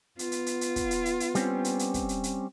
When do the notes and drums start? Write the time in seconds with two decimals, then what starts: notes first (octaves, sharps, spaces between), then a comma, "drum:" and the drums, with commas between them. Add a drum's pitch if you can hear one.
0.19 B3 F4, drum: hi-hat
0.32 drum: hi-hat
0.46 drum: hi-hat
0.61 drum: hi-hat
0.76 drum: kick, hi-hat
0.91 drum: hi-hat
1.05 drum: hi-hat
1.20 drum: hi-hat
1.35 G3 C4 C#4, drum: hi-hat
1.64 drum: hi-hat
1.79 drum: hi-hat
1.94 drum: kick, hi-hat
2.09 drum: hi-hat
2.24 drum: hi-hat